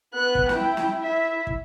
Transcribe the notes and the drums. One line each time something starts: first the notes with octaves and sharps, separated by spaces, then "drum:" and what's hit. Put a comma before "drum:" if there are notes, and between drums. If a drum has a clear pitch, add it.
B3 F#6
drum: kick
E4 G5, drum: snare
drum: snare
E4 E5
drum: kick